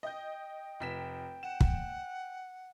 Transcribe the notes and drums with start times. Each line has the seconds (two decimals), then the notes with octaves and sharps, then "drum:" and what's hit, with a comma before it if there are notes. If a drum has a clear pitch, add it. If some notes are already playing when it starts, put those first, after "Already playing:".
0.03 D#5 G5 G6
0.80 F1 B6 E7
1.43 F#5 E7
1.61 drum: kick